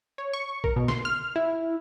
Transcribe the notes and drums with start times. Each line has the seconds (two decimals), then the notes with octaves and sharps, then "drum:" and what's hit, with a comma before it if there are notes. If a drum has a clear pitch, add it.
0.18 C#5
0.33 C#6
0.64 A#4, drum: kick A#1
0.76 B2
0.88 C6, drum: snare
1.05 F6
1.36 E4